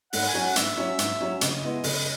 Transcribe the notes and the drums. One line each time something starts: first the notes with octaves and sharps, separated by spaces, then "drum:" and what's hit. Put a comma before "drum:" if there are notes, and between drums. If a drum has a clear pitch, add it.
G#2 F#5, drum: open hi-hat
G#5
F#3 C#4
F#5
G#2 E5, drum: hi-hat
F#3 C#4
G#2, drum: hi-hat
F#3 C#4
C#3 D#5, drum: hi-hat
G#3 B3 E4
C#3, drum: open hi-hat